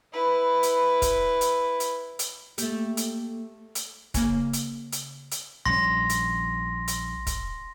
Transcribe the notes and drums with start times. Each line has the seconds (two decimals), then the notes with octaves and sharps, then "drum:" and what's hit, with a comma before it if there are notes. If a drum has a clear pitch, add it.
0.13 E4 B4
0.63 drum: hi-hat
1.02 drum: kick, hi-hat
1.41 drum: hi-hat
1.80 drum: hi-hat
2.19 drum: hi-hat
2.58 A3 A#3 G4, drum: hi-hat
2.97 drum: hi-hat
3.75 drum: hi-hat
4.14 C#3 A#3, drum: kick, hi-hat
4.53 drum: hi-hat
4.92 drum: hi-hat
5.31 drum: hi-hat
5.65 A#1 G3 C#4 C6 A#6
6.09 drum: hi-hat
6.88 drum: hi-hat
7.27 drum: kick, hi-hat